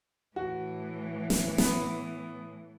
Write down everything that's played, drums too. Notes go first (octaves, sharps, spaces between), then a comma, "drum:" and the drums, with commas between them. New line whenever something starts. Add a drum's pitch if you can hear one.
A2 E3 F#4
drum: snare
B3, drum: snare